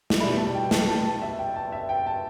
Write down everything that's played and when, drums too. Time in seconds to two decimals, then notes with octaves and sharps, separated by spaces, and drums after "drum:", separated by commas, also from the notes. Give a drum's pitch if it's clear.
0.10 drum: snare
0.20 B2 G3 E4 B5
0.37 A5
0.54 G5
0.71 A5, drum: snare
0.88 A5
1.05 A5
1.22 E5
1.39 G5
1.56 A5
1.72 E5
1.89 G5
2.07 A5